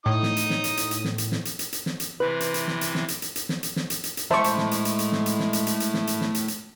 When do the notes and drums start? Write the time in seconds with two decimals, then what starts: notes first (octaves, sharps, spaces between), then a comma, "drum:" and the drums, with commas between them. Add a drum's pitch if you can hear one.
0.06 A2 D#4 D#6
0.23 drum: snare
0.37 drum: hi-hat
0.50 drum: snare
0.64 drum: hi-hat
0.77 drum: hi-hat
0.91 drum: hi-hat
1.05 drum: snare
1.18 drum: hi-hat
1.32 drum: snare
1.45 drum: hi-hat
1.59 drum: hi-hat
1.72 drum: hi-hat
1.86 drum: snare
2.00 drum: hi-hat
2.20 C3 E3 C4 B4
2.40 drum: hi-hat
2.54 drum: hi-hat
2.68 drum: snare
2.81 drum: hi-hat
2.95 drum: snare
3.08 drum: hi-hat
3.22 drum: hi-hat
3.36 drum: hi-hat
3.49 drum: snare
3.63 drum: hi-hat
3.76 drum: snare
3.90 drum: hi-hat
4.04 drum: hi-hat
4.17 drum: hi-hat
4.31 G#3 A3 E4 C5 E5 A5 C#6, drum: snare
4.44 drum: hi-hat
4.58 drum: snare
4.71 drum: hi-hat
4.85 drum: hi-hat
4.99 drum: hi-hat
5.12 drum: snare
5.26 drum: hi-hat
5.39 drum: snare
5.53 drum: hi-hat
5.67 drum: hi-hat
5.80 drum: hi-hat
5.94 drum: snare
6.07 drum: hi-hat
6.21 drum: snare
6.35 drum: hi-hat
6.48 drum: hi-hat